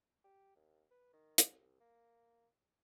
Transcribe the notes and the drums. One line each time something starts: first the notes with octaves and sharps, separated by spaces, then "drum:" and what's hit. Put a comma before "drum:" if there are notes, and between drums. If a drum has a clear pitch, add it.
G4
D#2
B4
D#3
C2, drum: hi-hat
A#3